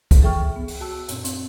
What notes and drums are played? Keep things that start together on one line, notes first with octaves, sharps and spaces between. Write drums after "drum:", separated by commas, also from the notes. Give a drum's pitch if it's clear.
drum: kick, hi-hat
G#4 A4 E5 G5 C#6 F6
B3
drum: open hi-hat
F#4 A5 E6
F#2 A#2 C4, drum: hi-hat
C4, drum: hi-hat